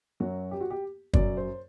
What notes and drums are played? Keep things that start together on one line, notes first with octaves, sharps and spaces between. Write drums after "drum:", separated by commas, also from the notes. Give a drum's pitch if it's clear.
F#2 F#3 F#4
G4
F#4
G4
F#2 F#3 D5, drum: kick
C5